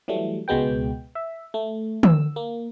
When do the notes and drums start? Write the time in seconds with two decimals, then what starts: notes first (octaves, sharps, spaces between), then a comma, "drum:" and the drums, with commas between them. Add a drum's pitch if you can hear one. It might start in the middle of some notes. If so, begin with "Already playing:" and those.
0.08 E3 F#3 G3 A3
0.48 C#2 B2 G#3 B3 G5
1.15 E5
1.54 A3
2.03 E6, drum: tom
2.36 A#3